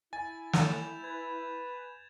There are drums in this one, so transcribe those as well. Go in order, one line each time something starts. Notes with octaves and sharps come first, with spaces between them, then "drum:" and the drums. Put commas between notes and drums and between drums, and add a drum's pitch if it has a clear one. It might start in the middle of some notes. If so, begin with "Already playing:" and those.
E4 G#5 A6
G6 E7 F7, drum: snare
B4 G#6